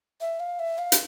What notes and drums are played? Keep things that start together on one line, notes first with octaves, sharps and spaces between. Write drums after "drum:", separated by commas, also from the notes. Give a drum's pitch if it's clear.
E5
F5
E5
F5
drum: hi-hat